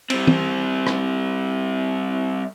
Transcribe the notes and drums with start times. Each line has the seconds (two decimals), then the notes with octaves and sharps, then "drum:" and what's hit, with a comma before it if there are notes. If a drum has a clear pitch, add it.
0.10 G3 C4, drum: cymbal
0.27 drum: tom E3
0.87 drum: rim click